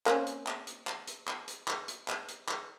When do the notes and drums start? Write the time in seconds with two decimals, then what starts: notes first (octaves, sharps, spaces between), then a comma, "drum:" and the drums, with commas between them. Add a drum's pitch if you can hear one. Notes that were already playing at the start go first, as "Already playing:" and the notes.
0.06 A#3 C4 C#4, drum: clap
0.26 drum: hi-hat
0.47 drum: clap
0.67 drum: hi-hat
0.87 drum: clap
1.07 drum: hi-hat
1.27 drum: clap
1.48 drum: hi-hat
1.68 drum: clap
1.88 drum: hi-hat
2.08 drum: clap
2.28 drum: hi-hat
2.48 drum: clap